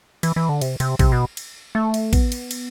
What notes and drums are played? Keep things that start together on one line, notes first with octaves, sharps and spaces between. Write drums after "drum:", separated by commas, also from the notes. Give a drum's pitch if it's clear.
E3, drum: cymbal
E3
D3
C3, drum: cymbal
C3, drum: cymbal
C3, drum: kick, cymbal
B2
drum: cymbal
A3
drum: cymbal
B3, drum: kick, cymbal
drum: cymbal
drum: cymbal